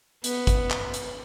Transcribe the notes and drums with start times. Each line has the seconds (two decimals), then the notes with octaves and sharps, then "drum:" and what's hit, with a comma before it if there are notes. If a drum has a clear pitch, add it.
0.24 B3, drum: hi-hat
0.47 drum: kick, hi-hat
0.70 drum: clap
0.94 drum: hi-hat